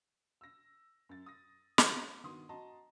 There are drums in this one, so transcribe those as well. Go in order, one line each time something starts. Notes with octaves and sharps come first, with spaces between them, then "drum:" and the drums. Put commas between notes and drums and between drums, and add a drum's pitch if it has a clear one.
E6 A#6
F#2 A6
D#6 A#6
drum: snare
G2 D#3 B3 F#4 C6 D#6
F#4 D#5 A5 A#5 C6